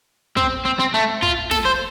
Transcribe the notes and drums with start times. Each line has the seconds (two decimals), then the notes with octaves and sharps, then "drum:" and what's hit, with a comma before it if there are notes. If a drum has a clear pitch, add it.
0.37 C4, drum: kick
0.65 C4
0.79 C4
0.94 A3
1.23 F4, drum: kick
1.51 A4, drum: snare
1.65 C5